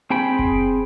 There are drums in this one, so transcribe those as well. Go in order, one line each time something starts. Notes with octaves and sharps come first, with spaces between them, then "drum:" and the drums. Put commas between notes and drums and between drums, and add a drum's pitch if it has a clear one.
C4 G#4 G5 B5
drum: kick F#1